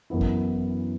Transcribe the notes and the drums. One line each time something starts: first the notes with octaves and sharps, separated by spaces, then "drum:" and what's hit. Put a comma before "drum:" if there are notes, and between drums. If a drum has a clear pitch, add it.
F#2 E3 B3 E4
drum: kick G#1